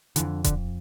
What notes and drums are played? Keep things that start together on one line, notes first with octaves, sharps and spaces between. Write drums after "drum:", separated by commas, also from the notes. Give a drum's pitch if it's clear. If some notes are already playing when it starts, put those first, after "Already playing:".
F2 D3 E3, drum: hi-hat
D3, drum: kick D#1, hi-hat